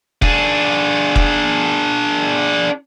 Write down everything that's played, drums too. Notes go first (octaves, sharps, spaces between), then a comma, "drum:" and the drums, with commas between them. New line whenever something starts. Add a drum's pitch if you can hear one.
D4 G#4, drum: kick F1
drum: kick F1